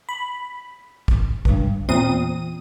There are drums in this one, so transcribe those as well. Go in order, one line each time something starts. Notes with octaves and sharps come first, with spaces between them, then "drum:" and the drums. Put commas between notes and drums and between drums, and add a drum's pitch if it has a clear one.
B5
drum: kick
C#2 G2, drum: kick
E2 A#2 C4 D#6 D#7